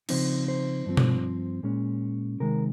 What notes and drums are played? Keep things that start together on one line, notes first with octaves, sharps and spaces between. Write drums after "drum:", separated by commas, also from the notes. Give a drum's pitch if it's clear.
C#3 F3 C4 D#4 C5, drum: cymbal
C5
G2 F3 C4
drum: tom B2
A#2 G#3 C#4
C3 D#3 G#3 A#4